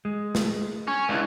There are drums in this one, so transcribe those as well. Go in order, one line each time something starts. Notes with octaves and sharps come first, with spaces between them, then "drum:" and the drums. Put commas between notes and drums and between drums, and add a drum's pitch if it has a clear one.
G#3
drum: snare
C#4
C#2 G#3 D4 E4